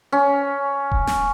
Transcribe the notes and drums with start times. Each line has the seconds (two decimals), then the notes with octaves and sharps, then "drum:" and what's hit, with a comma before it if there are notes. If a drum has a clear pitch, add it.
0.12 C#4
0.92 drum: kick D#1
1.07 drum: snare